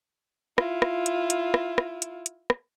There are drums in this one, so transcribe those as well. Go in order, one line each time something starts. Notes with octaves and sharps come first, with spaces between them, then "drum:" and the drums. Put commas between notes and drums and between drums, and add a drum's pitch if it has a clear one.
E4 F4, drum: rim click
drum: rim click
drum: hi-hat
drum: hi-hat
drum: rim click
drum: rim click
drum: hi-hat
drum: hi-hat
drum: rim click